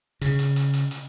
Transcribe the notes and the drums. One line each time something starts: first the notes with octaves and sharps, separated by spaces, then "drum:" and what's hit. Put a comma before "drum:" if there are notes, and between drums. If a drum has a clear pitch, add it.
C#3, drum: hi-hat
drum: hi-hat
drum: hi-hat
drum: hi-hat
drum: hi-hat